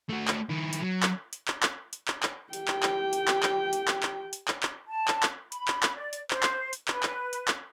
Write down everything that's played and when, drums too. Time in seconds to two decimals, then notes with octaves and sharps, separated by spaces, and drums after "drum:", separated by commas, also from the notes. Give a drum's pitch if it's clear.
0.09 A3 F#4
0.28 drum: clap
0.50 D#3 E4
0.73 drum: hi-hat
0.82 F#3
1.03 drum: clap
1.33 drum: hi-hat
1.48 drum: clap
1.63 drum: clap
1.93 drum: hi-hat
2.08 drum: clap
2.23 drum: clap
2.53 G4 G5, drum: hi-hat
2.68 drum: clap
2.83 drum: clap
3.13 drum: hi-hat
3.28 drum: clap
3.43 drum: clap
3.73 drum: hi-hat
3.88 drum: clap
4.03 drum: clap
4.33 drum: hi-hat
4.48 drum: clap
4.63 drum: clap
4.87 A5
5.08 drum: clap
5.23 drum: clap
5.52 B5, drum: hi-hat
5.68 drum: clap
5.83 drum: clap
5.95 D5
6.13 drum: hi-hat
6.31 C5, drum: clap
6.43 drum: clap
6.73 drum: hi-hat
6.88 B4, drum: clap
7.03 drum: clap
7.33 drum: hi-hat
7.48 drum: clap